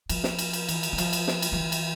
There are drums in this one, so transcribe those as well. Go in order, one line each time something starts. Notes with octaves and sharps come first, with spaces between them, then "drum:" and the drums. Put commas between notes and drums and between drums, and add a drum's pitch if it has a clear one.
F3, drum: cymbal
drum: snare
drum: cymbal
drum: cymbal
E3, drum: cymbal
drum: cymbal
E3
F3, drum: cymbal
drum: cymbal
drum: snare
drum: cymbal
F3
E3
drum: cymbal